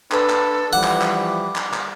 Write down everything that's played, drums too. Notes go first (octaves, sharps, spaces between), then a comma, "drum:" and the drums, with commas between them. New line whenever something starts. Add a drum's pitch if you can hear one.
D4 A4 B4, drum: clap
drum: clap
E3 F3 G3 F#5 D6
drum: clap
drum: clap
drum: clap
drum: clap